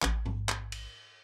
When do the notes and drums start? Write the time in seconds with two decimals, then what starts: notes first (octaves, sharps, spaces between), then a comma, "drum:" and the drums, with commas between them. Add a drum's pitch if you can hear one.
0.02 A1, drum: clap
0.26 drum: tom G#2
0.49 drum: clap
0.72 drum: cymbal